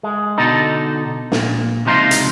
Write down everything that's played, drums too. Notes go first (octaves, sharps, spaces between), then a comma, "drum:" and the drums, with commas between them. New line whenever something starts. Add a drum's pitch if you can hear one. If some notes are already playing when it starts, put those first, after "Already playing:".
G#3
B2 D3 D#4 A4
A#2, drum: snare
C#2 C3 F3 D#4 F4
drum: hi-hat